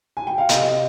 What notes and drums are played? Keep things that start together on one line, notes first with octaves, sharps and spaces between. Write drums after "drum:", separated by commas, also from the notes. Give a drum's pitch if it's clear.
G#5
G5
F5
C3 D#5, drum: hi-hat